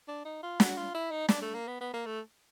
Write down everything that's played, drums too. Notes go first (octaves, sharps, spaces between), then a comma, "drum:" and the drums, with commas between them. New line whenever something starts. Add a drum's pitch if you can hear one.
D4
D#4
F4
F#4, drum: snare
F4
E4
D#4
D4, drum: snare
A3
A#3
B3
B3
A#3
A3